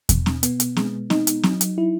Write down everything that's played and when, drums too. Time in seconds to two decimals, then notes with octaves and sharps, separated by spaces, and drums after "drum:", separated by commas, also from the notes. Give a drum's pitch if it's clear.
0.09 B2, drum: kick E2, hi-hat
0.26 drum: snare C4
0.43 B3, drum: hi-hat
0.60 drum: hi-hat
0.77 G#3, drum: snare C4
1.10 D#4, drum: snare C4
1.27 drum: hi-hat
1.43 F#3, drum: snare C4
1.61 drum: hi-hat
1.78 E4